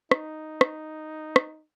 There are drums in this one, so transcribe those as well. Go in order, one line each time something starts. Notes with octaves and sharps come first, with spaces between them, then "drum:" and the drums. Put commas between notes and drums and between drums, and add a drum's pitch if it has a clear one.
D#4, drum: rim click
drum: rim click
drum: rim click